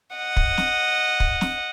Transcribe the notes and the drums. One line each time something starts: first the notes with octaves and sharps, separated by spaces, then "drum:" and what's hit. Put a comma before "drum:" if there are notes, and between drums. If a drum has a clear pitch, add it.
D#5 F#5
drum: kick
drum: snare
drum: kick
drum: snare